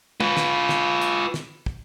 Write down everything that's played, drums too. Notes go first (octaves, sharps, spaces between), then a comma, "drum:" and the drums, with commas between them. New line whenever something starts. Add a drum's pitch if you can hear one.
F4 B4, drum: tom
drum: snare
drum: snare
drum: hi-hat
drum: snare
drum: kick